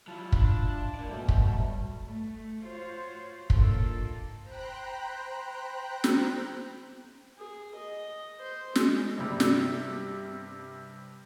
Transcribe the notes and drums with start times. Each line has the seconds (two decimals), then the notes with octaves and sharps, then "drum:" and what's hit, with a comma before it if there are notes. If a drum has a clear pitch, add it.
0.07 F#3 G3 E4 F4 A5
0.32 D4, drum: kick
0.95 A#2 A#4 D5
1.08 B2 F#3 G3 A3
1.28 drum: kick
2.06 A3
2.64 F4 F#4 C5 C#5
3.50 A#3 D4 D#4 F4 A4, drum: kick
4.43 C5 G5 A#5 B5 F#6
6.04 drum: snare
7.38 G#4
7.75 D#5
8.40 C5
8.75 G#3, drum: snare
9.18 G2 C3 G3
9.40 drum: snare